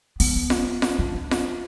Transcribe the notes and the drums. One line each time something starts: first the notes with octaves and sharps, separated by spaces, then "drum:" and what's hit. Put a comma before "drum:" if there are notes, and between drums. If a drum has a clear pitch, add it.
B3, drum: open hi-hat
drum: snare F4
drum: snare F4
D4
drum: snare F4